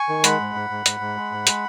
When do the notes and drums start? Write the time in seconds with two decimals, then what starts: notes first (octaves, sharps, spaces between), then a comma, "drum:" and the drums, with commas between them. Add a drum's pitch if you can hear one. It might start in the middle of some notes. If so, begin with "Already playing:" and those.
Already playing: G#5 C#6
0.09 D#3
0.24 G#3 F#5 B5, drum: hi-hat
0.40 G#2
0.55 G#2
0.70 G#2
0.86 G#2, drum: hi-hat
1.00 G#2
1.16 G#3
1.32 G#2
1.47 G#3, drum: hi-hat